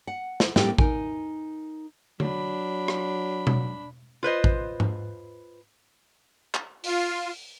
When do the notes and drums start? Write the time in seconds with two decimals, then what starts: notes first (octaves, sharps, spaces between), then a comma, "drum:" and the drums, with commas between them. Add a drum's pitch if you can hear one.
0.07 F#5
0.40 drum: snare
0.56 A2 G3 A#3 C4 D4 G4, drum: snare
0.78 D#4 A#4 G#5, drum: kick A1
2.20 F#3 D4 B5, drum: tom D3
2.88 drum: rim click
3.47 drum: tom B2
4.23 F4 B4 C5 D#5
4.44 drum: kick A1
4.80 drum: tom G#2
6.54 drum: clap
6.84 F4, drum: open hi-hat